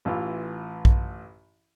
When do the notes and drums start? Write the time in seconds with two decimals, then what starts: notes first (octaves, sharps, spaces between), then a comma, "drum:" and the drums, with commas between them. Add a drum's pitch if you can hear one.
0.05 A1 E3 F4
0.85 drum: kick A#1